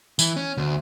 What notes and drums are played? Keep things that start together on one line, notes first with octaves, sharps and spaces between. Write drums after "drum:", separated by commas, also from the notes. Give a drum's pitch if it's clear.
E3, drum: tambourine
C#4
D2